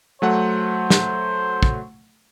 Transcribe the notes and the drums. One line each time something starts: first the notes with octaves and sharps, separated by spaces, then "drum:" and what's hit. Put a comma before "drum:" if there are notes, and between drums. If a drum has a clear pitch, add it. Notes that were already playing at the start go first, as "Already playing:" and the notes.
F#3 A3 C5 F#5
drum: snare
drum: kick